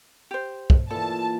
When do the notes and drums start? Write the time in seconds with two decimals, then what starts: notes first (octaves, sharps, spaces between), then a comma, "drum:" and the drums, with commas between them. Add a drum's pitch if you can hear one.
0.31 G4 C5
0.70 drum: kick
0.91 A#2 E3 A4 A5